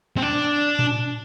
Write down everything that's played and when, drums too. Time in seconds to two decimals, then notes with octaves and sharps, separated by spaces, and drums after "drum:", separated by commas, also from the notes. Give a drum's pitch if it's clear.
0.17 C4
0.22 D4
0.79 drum: tom A2